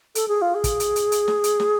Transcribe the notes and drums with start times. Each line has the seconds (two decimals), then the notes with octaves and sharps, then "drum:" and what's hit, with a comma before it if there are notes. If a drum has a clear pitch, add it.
0.15 A4, drum: hi-hat
0.28 G#4
0.42 F4
0.55 G#4
0.64 drum: kick, hi-hat
0.80 drum: hi-hat
0.96 drum: hi-hat
1.12 drum: hi-hat
1.28 drum: snare
1.44 drum: hi-hat
1.60 drum: snare